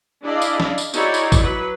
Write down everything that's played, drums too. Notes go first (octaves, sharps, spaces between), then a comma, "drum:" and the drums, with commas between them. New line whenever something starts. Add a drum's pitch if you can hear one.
D4 E4 G#4 D5 D#5 F5
drum: tambourine
drum: snare
drum: tambourine
D#4 E4 F#4 G#4 C#5 D5, drum: tambourine
drum: tambourine
drum: kick, tambourine
F#3 B4